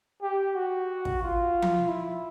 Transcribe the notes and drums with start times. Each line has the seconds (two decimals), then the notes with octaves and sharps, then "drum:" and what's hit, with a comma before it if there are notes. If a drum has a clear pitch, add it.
0.22 G4
0.55 F#4
1.05 drum: kick
1.22 F4
1.62 drum: tom F3
1.88 E4